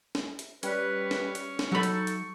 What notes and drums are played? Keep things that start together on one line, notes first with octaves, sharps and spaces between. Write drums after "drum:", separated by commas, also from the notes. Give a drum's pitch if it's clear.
drum: snare
drum: hi-hat
G3 C#4 B4, drum: hi-hat
drum: snare
drum: hi-hat
drum: snare
F#3 D#4 A4 B5 C#6
drum: hi-hat
drum: hi-hat